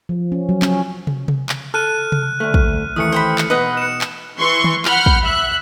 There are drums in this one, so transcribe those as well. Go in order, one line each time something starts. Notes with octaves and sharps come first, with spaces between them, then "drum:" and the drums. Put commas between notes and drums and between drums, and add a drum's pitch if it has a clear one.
F3
C#4
F#3
C#4, drum: clap
drum: tom
drum: tom C3
drum: clap
A4 F6 F#6 D#7
drum: tom C3
D2 A3
drum: kick
D#3 E3 A3 D#6 C#7
C5 G5 B5
drum: clap
B2 B3 D#4 B4 D#5 F#5
C#7 E7
drum: clap
E3 C6 C#6
drum: tom
F#5 B5 F6 G6, drum: clap
drum: kick
E5 F#6